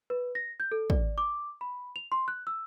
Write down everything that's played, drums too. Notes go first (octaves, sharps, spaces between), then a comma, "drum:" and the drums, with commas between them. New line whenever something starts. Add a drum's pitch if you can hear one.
B4
A#6
G6
A4
D5, drum: kick
D6
B5
F7
C6
F#6
E6